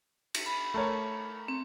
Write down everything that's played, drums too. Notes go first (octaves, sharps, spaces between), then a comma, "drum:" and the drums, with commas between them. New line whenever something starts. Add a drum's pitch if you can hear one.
drum: cymbal
B5
A3 A#4 C#5
C4